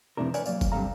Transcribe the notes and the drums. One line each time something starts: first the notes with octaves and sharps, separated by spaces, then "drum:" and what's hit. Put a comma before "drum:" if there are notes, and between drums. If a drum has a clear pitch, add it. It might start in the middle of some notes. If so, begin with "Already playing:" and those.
F2 C3 E3 A3 D4 A#4
A#4 B4 C#5 D5 F#5 G#5, drum: tambourine
F#3 A#3 D5 F5, drum: tambourine
drum: kick F1, tambourine
G2 C3 F#3 A4 F5 A#5